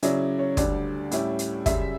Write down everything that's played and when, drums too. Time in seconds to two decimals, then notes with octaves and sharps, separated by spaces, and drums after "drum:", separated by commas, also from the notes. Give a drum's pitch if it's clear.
0.02 C#3 F#3 C#4 E4 D5, drum: hi-hat
0.39 C#5
0.57 D2 D3 G3 D5, drum: kick, hi-hat
1.11 A2 G3 C#4 E4, drum: hi-hat
1.39 drum: hi-hat
1.66 F#2 C#3 G3 E5, drum: kick, hi-hat